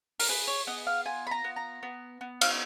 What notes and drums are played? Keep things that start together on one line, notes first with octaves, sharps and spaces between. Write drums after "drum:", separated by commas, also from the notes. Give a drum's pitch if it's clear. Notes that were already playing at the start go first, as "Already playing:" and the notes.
A#4, drum: open hi-hat
G#4 B4
C#5
B3 D#5
F5
F4 G#5
B5
A#5
B3
A#5
B3
B3
F5, drum: cymbal